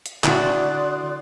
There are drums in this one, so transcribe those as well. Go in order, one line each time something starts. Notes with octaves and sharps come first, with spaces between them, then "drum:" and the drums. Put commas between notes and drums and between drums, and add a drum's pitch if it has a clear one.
drum: hi-hat
D3 E4 F#4 D5 C6 D#6 F#6, drum: clap